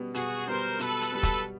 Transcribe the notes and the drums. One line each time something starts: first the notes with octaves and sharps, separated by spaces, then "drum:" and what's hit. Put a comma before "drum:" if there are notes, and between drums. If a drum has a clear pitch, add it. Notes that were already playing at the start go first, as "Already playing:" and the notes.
Already playing: B2 G3 B3
B2 F#4 G#4, drum: hi-hat
G3 B3 A#4 C5
B2 A4 B4, drum: hi-hat
drum: hi-hat
G3 B3 A4 B4
drum: kick, hi-hat